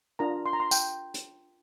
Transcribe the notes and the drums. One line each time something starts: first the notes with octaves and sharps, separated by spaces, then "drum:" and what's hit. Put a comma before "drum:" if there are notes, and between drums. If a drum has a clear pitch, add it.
D4 F4 A#4 A#5
C6
A#5
C6
G5, drum: tambourine
drum: hi-hat